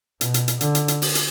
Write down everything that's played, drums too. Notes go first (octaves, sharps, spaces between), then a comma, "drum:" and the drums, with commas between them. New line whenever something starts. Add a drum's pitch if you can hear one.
B2, drum: hi-hat
drum: hi-hat
drum: hi-hat
D3, drum: hi-hat
drum: hi-hat
drum: hi-hat
drum: open hi-hat
drum: hi-hat